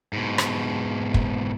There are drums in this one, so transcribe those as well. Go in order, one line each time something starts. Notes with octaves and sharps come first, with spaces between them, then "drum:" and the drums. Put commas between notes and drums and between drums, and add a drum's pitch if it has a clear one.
G#2 B2
drum: rim click
drum: kick